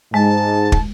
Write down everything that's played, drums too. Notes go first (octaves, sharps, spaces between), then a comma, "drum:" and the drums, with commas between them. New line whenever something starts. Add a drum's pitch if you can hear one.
G#2 G#3 A5
drum: kick